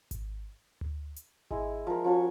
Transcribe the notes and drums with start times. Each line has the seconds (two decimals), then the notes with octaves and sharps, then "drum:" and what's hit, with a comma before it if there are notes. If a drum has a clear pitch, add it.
0.11 drum: kick G#1, hi-hat
0.81 drum: tom D2
1.16 drum: hi-hat
1.51 G#3 E4, drum: kick G#1
1.87 F3 A#4
2.04 F3 C#4 F#4 C#6